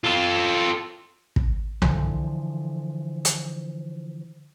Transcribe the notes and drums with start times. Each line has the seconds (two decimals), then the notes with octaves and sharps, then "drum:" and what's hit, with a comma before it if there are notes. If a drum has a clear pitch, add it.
0.04 F4 A4
1.36 drum: kick
1.82 D3 E3 F3, drum: tom C2
3.25 drum: hi-hat